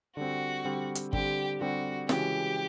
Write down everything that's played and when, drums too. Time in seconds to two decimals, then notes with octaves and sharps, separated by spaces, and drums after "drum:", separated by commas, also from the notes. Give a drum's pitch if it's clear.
0.17 D3 G3 C4 F#4
0.65 D3 G3 C4
0.95 drum: hi-hat
1.13 D3 G3 C4 G4, drum: kick G1
1.61 D3 G3 C4 F#4
2.09 C#3 E3 G#3 C#4 F#4 G4, drum: snare